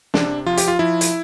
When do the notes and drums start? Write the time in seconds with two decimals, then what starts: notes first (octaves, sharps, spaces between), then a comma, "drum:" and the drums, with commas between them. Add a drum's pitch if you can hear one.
0.14 C3 D4, drum: snare
0.46 F3 F4
0.57 G4, drum: hi-hat
0.68 F4
0.79 F3 E4
1.01 drum: hi-hat